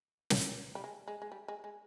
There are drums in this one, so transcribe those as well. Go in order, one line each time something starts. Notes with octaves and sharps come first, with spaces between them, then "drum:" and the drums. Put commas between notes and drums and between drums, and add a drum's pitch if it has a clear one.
drum: snare
G3
G#3
G#3
G#3
G3
G#3
G#3